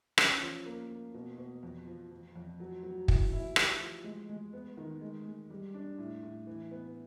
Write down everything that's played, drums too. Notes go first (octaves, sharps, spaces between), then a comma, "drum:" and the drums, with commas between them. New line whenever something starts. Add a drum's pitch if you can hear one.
C#4, drum: rim click
F3
A#3
A#3
B2
B2
F2
F3
F3
F2
F#3
F#3
E3, drum: kick
E4
G4, drum: rim click
F3
G#3
G#3
B3
D#3
G#3
G#3
G3
D4
A2
A2
E3
B3